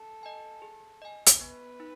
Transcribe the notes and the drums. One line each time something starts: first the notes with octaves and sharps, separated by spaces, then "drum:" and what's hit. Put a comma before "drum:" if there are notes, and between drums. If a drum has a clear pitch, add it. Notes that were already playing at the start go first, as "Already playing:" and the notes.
Already playing: A4
D#5 G#5
G#4
D#5 G#5
drum: hi-hat
B3 B4
D#4